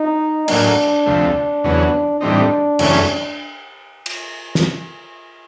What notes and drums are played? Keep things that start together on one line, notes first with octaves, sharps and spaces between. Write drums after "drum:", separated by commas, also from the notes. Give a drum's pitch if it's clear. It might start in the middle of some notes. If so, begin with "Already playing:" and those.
Already playing: D#4
A2 F#3 A#3 D4, drum: cymbal
D2 C3 F3 A3
E2 C#3 F#3 B3
A2 E3 G3 C4 D4 D#4
F#2 C#3 E3 A3 C#4, drum: cymbal
drum: cymbal
drum: snare